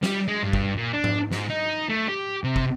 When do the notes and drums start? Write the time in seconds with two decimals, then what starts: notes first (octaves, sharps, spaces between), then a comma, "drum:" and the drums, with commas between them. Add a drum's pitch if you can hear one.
0.03 G3, drum: snare
0.28 G#3
0.43 G2
0.53 drum: kick
0.77 A#2
0.93 D4
1.04 drum: tom G#2
1.31 G#2, drum: snare
1.50 D#4
1.89 A3
2.09 G4
2.44 C3
2.56 drum: kick